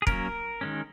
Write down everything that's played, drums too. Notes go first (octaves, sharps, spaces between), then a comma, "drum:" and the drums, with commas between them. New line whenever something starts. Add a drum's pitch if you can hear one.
G#4
F#3 A#3 C#4 A#4, drum: kick
D#3 G#3 C#4